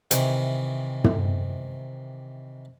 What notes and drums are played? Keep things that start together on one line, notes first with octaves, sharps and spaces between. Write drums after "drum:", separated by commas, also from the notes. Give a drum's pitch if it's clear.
C3 D#3 E3, drum: hi-hat
drum: tom